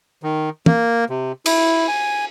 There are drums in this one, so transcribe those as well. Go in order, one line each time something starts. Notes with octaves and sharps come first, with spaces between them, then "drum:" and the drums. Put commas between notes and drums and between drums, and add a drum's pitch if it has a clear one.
D#3
A#3, drum: tom
C3
E4, drum: cymbal
G#5